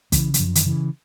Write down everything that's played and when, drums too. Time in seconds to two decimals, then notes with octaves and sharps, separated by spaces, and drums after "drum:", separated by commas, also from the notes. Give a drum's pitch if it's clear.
0.12 C#3 E3, drum: kick, hi-hat
0.34 E3, drum: hi-hat
0.39 F#2 F3
0.55 D#3, drum: hi-hat
0.66 C#3 E3